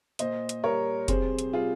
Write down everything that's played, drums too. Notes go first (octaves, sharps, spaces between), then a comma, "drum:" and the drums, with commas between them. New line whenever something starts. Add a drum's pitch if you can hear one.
A#2 C5 D#5, drum: hi-hat
drum: hi-hat
G3 A#4 C#5
C3 G#4 C5, drum: kick F1, hi-hat
drum: hi-hat
G3 F4 G#4